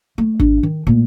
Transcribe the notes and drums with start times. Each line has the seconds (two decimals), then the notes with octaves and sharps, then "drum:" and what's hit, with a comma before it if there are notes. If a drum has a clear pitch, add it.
0.18 A3
0.40 D4, drum: kick G#1
0.63 D#3
0.87 A#2 A3